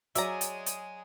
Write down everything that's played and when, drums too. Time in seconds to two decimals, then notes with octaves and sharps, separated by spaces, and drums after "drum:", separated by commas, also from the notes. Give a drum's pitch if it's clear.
0.15 F#3 G#3 G#4 D5 E5 A#5, drum: hi-hat
0.41 drum: hi-hat
0.66 drum: hi-hat